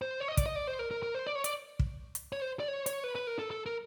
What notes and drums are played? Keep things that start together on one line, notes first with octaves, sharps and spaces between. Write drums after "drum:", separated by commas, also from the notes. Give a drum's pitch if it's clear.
C5
C#5
D#5
D5, drum: kick, hi-hat
D#5
D5
C5
A#4
A#4
A#4
C5
D5
C#5
D5, drum: hi-hat
drum: kick
drum: hi-hat
C#5
C5
D5
C#5
C#5, drum: hi-hat
B4
B4
A#4
A4
A4
A#4